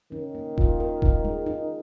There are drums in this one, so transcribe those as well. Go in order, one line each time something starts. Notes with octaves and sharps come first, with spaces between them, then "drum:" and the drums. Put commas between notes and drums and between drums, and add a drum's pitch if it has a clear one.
D#3 C#4
A#3
F4, drum: kick D#1
A#4
D#4, drum: kick D#1
G#3
D#4